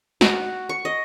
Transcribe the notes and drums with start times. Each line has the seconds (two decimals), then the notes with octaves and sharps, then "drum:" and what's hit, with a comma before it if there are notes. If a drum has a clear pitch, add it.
0.21 F#4, drum: snare
0.69 C#6
0.85 D#5